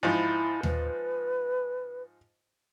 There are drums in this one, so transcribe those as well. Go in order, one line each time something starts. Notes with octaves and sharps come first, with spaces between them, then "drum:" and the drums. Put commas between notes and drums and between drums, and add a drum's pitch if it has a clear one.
G#2 F3 E4
B4, drum: tom D#2